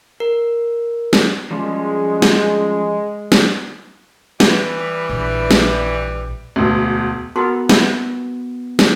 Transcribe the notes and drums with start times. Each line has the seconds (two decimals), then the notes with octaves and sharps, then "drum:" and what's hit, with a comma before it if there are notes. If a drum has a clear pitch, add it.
0.20 A#4
1.13 drum: snare
1.51 F3 G3 G#3 C#4
2.22 drum: snare
3.32 drum: snare
4.40 E3 G3, drum: snare
5.10 A#1
5.51 drum: snare
6.56 E1 D2
7.36 B3 F#4 A4 A#4 C6
7.69 B4 E5, drum: snare
8.79 drum: snare